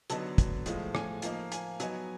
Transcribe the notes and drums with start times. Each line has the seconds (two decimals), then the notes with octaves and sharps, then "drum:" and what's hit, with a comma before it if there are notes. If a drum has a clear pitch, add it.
0.10 D3 F#3 B3 D#4 A5, drum: hi-hat
0.38 drum: kick, hi-hat
0.66 A2 F3 G#3, drum: hi-hat
0.95 G#5, drum: rim click
1.22 F3 A#3 D#4, drum: hi-hat
1.52 G#5, drum: hi-hat
1.80 F#3 B3 D#4 G#5, drum: hi-hat